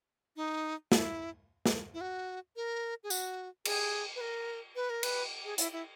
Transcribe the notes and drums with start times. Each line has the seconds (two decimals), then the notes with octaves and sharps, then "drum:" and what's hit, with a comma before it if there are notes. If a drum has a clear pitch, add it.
0.36 D#4
0.92 E4, drum: snare
1.66 drum: snare
1.94 E4
2.01 F#4
2.56 A#4
3.03 G#4
3.10 F#4, drum: tambourine
3.65 G#4, drum: cymbal
4.16 B4
4.21 A#4
4.76 B4
4.90 A#4
5.03 B4, drum: cymbal
5.45 G#4
5.58 E4, drum: hi-hat
5.72 E4